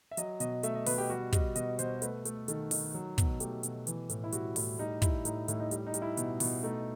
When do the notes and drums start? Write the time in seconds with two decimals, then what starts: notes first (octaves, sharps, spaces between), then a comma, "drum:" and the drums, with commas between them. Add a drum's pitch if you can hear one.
0.11 E5
0.17 F#3 D#5, drum: hi-hat
0.40 B2 D#5, drum: hi-hat
0.63 A3 E5, drum: hi-hat
0.75 D#5
0.86 B2 B4, drum: open hi-hat
0.98 G4
1.10 G3 F#4
1.33 G3 D#5, drum: kick, hi-hat
1.56 B2 D#5, drum: hi-hat
1.79 B2 C5, drum: hi-hat
2.02 A3 B4, drum: hi-hat
2.25 A3, drum: hi-hat
2.48 D#3 A4, drum: hi-hat
2.71 D#3, drum: open hi-hat
2.94 F#3
3.18 B2, drum: kick, hi-hat
3.40 A3 G4, drum: hi-hat
3.63 B2, drum: hi-hat
3.87 E3, drum: hi-hat
4.09 A2, drum: hi-hat
4.24 E4
4.32 G3 F#4, drum: hi-hat
4.56 A2 E4, drum: open hi-hat
4.79 G3 D#4
5.02 G3 E4, drum: kick, hi-hat
5.25 A2 D#4, drum: hi-hat
5.48 A2 E4, drum: hi-hat
5.60 D#4
5.71 G3, drum: hi-hat
5.86 D#4
5.94 G3, drum: hi-hat
6.02 E4
6.17 B2, drum: hi-hat
6.40 B2, drum: open hi-hat
6.63 A3 D#4